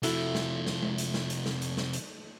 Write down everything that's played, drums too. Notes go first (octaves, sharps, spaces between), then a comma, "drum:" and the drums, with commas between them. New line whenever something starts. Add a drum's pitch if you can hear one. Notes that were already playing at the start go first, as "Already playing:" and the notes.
C3 F3 A3 E4 F#4, drum: hi-hat
drum: snare
drum: snare
drum: tom G#3
drum: hi-hat
drum: snare
drum: hi-hat
drum: snare
drum: hi-hat
drum: snare
drum: hi-hat